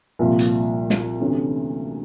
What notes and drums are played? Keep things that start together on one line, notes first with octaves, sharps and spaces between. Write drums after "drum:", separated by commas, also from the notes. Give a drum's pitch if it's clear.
C2 A#2 F3
drum: hi-hat
drum: snare
D2 C3 E3 A3 C#4